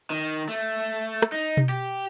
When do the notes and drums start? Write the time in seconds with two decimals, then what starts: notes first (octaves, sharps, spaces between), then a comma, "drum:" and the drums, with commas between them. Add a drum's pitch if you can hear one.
0.10 D#3
0.48 A3
1.22 drum: rim click
1.32 D#4
1.57 drum: tom B2
1.69 G4